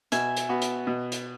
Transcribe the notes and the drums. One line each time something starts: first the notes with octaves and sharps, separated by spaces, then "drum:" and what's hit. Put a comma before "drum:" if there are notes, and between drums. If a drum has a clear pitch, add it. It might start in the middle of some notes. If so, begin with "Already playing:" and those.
B2 E5 G#5, drum: hi-hat
drum: hi-hat
B3 F#4
drum: hi-hat
B2
drum: hi-hat